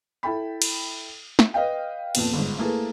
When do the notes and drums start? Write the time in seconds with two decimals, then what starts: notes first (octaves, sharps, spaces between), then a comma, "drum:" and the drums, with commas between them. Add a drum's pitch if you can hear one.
0.23 E4 A4 G5 B5
0.62 drum: cymbal
1.39 drum: snare
1.54 B4 D#5 F5 G5
2.15 F2 A#2 B3, drum: cymbal
2.33 G1 G#2
2.58 A3 A#3 E4 G#4 A4 B4